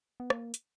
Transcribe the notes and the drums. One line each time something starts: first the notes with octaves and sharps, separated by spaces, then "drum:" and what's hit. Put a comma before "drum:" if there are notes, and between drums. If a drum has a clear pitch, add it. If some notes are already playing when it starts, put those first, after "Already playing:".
B3
A#3, drum: rim click
drum: hi-hat